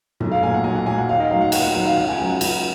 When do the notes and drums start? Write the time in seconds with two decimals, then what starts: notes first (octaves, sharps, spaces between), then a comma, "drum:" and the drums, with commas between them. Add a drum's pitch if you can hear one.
0.20 B1, drum: tom
0.31 F5
0.42 A#2 F#3 G#5
0.54 F#5
0.64 B1 G#5
0.75 F#5
0.86 A#2 F#3 G#5
0.98 F#5
1.09 D#2 F5
1.20 D#5
1.31 D#3 F#3 F5
1.41 F#5
1.52 D#2 F#5, drum: cymbal
1.63 F#5
1.74 D#3 F#3 F#5
1.85 F5
1.97 C#2 F#5
2.08 G#5
2.19 C#3 F#3 G#5
2.30 F#5
2.41 C#2, drum: cymbal